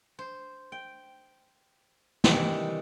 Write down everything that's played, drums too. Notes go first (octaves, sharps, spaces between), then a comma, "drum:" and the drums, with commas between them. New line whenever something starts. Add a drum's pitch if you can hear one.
C5
G5
C3 D#3 E3 G3 G4, drum: snare